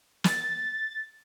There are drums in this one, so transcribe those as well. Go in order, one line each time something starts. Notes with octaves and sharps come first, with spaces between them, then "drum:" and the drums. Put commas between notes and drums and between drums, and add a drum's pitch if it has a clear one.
A6, drum: snare